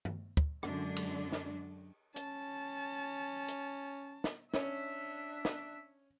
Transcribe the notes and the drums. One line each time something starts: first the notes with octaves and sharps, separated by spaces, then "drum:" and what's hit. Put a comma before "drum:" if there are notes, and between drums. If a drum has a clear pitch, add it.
drum: tom G2
drum: kick
F#2 D3 G#3 D4, drum: rim click
drum: cymbal
drum: snare
C#4 A5, drum: hi-hat
drum: hi-hat
drum: snare
C#4 D4 E5, drum: snare
drum: snare